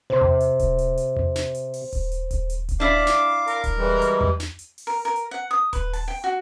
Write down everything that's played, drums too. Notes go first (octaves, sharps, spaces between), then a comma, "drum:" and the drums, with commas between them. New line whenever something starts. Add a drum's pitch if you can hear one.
C3 C5 C6
drum: tom E2
drum: hi-hat
drum: kick D#1, hi-hat
drum: hi-hat
drum: hi-hat
drum: tom E2
drum: snare
drum: hi-hat
drum: open hi-hat
drum: kick D#1, hi-hat
drum: hi-hat
drum: kick D#1, hi-hat
drum: hi-hat
drum: kick D#1, hi-hat
D4 E4 D5 F5 D6
drum: snare
A#4, drum: hi-hat
drum: kick D#1, hi-hat
E3 G3 G#3
drum: hi-hat
drum: tom E2
drum: snare
drum: hi-hat
drum: open hi-hat
A#4
A#4
drum: hi-hat
F#5
D#6
B4, drum: kick D#1, hi-hat
A5, drum: open hi-hat
G5
F#4